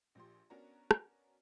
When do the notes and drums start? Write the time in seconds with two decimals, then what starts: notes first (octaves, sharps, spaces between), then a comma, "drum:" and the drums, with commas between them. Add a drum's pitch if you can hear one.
0.15 A#1 F3 G4 C6
0.50 B3 C#4 D4 F#4 A#4 A#5
0.91 drum: rim click